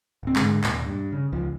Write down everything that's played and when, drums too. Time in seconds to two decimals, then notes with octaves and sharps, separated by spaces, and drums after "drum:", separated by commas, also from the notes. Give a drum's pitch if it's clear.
0.23 D1 C4
0.36 G#2 D3 G#3, drum: clap
0.64 D#2 A#2, drum: clap
0.86 G2
1.12 C#3
1.33 C#2 F3